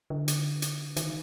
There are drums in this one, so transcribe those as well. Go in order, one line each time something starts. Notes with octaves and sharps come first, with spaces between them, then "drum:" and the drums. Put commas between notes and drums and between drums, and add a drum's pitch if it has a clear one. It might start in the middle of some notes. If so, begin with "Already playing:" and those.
D3
drum: hi-hat
drum: hi-hat
D#3, drum: hi-hat